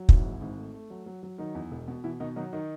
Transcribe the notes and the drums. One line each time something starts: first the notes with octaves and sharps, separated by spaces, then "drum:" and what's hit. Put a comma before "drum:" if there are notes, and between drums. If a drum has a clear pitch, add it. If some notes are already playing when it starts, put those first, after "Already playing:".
Already playing: F#3
G#1 E3 E4, drum: kick
G#2
G#1
A3
A3
F#3
F#3
F#3
D#3 F#3 D#4
E2
E1
B2
B2 E3 E4
B2 D#3 D#4
D#3 F#3 D#4
D#3 D#4